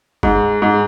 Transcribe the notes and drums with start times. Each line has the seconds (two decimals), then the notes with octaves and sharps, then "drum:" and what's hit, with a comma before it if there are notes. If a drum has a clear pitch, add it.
0.23 G#2, drum: kick G1
0.62 G#2